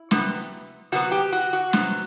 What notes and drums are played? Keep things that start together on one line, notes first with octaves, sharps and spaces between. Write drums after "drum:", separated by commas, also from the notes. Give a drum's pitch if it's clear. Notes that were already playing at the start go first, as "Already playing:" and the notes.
Already playing: E4
C3 F#3 B3, drum: snare
C3 F#3 B3 F#4
G4
F#4
F#4
C3 F#3 B3, drum: snare